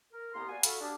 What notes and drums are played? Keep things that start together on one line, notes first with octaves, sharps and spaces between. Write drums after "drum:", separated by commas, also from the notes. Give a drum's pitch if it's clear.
A#4
C2 A#3 B3 G4 A#5 C6
F#4 D5 F5 F#5 G#5
F#4 A4 F5 B5, drum: hi-hat
D4 G4 G#4